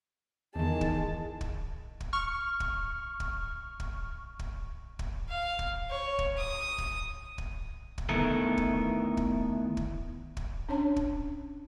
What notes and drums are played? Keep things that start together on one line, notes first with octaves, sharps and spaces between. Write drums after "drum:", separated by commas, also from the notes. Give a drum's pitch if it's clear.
E2 D#3 G#3 A5
drum: kick
drum: kick
drum: kick
C#6 F6
drum: kick
drum: kick
drum: kick
drum: kick
drum: kick
F5
drum: kick
C#5
drum: kick
D#6
drum: kick
drum: kick
drum: kick
D2 D#3 B3 E4 A4 A#4
drum: kick
drum: kick
drum: kick
drum: kick
C#4 D4 C#5 A5
drum: kick